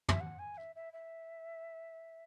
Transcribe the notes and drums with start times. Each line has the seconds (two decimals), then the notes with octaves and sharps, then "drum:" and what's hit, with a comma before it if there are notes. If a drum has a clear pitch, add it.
0.08 E5, drum: tom
0.20 F#5
0.38 G#5
0.57 E5
0.75 E5
0.93 E5